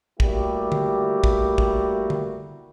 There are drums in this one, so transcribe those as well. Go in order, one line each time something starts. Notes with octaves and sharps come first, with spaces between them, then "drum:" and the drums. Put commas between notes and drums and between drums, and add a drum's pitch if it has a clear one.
G3 A3 A#3 E4 F#4 G4, drum: kick
drum: tom D3
drum: kick
drum: kick
drum: tom D3